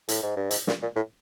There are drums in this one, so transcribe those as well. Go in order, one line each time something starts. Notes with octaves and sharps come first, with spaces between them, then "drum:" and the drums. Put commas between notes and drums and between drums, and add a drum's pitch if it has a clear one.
A2, drum: hi-hat
G#2
G2
G#2, drum: hi-hat
A#2, drum: snare
A#2
A2